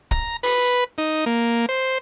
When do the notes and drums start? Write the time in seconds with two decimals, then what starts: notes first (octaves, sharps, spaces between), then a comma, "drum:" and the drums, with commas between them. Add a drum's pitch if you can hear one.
0.11 A#5, drum: kick
0.43 B4, drum: open hi-hat
0.98 D#4
1.26 A#3
1.69 C5